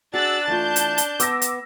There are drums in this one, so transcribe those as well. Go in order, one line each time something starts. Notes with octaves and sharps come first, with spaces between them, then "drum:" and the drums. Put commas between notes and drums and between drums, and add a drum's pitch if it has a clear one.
D4 F#4 G#4 E6 F#6 A6
E3 A3 F4 A5 G6
drum: hi-hat
drum: hi-hat
B3 D6 E6 A#6, drum: hi-hat
drum: hi-hat